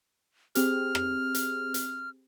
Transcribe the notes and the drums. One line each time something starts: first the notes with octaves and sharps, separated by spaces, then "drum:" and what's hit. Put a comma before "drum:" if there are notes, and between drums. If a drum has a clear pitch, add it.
C4 G4 G#4 F6, drum: hi-hat
drum: rim click
drum: hi-hat
drum: hi-hat